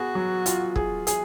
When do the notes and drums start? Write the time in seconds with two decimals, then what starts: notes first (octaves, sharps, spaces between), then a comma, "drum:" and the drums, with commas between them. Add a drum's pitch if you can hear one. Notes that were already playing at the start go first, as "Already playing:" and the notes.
Already playing: B3 F#4 G#4
0.15 F#3
0.46 F4, drum: hi-hat
0.76 G#4, drum: kick
1.07 G#4, drum: hi-hat